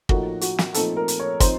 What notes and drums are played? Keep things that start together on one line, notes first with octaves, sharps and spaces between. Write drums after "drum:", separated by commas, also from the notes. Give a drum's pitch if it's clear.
A2 F3 A#3 D#4 F#4, drum: kick
F#4, drum: hi-hat
drum: snare
A#2 F3 A3 C4 D#4 A4, drum: hi-hat
A#4
drum: hi-hat
C#5
F3 C4 D#4 C5, drum: kick, hi-hat